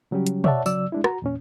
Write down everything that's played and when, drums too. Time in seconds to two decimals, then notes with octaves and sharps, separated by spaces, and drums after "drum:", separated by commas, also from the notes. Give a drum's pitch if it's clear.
0.11 C#3 F#3 G3 C#4 G4
0.27 drum: hi-hat
0.44 C#5 D5 E5 F#5 A5, drum: tom
0.66 C#3 F#3 D5 E6, drum: tambourine
0.92 G#3 D4 E4
1.04 F#4 A#5, drum: rim click
1.22 E2 A#2 C#4